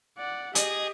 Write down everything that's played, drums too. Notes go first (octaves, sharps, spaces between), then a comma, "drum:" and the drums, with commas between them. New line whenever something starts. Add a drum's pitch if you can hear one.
D5 F#5
G4 G#4 D#5, drum: hi-hat